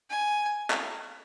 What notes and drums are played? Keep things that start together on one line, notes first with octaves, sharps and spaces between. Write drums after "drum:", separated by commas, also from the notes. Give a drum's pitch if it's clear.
G#5
drum: clap